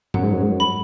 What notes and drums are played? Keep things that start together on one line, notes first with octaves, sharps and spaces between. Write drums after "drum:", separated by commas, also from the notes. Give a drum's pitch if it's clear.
F#2 F#5, drum: tom G#2
G#2
F#2
G#2
F#2
B5